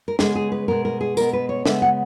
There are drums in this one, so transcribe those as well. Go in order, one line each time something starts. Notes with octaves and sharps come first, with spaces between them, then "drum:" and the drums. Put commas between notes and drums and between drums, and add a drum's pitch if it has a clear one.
A#4
C#3 G#3 B3 G#4, drum: snare
G#4
B4
B2 G#3 B3 A#4
A#4
G#4
B2 G#3 B3 A#4, drum: tambourine
B4
C#5
C#3 G#3 B3 E5, drum: snare
F#5